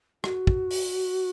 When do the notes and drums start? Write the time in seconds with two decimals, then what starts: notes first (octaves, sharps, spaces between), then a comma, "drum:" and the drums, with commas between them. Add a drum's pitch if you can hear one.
0.24 F#4, drum: rim click
0.47 drum: kick
0.71 drum: open hi-hat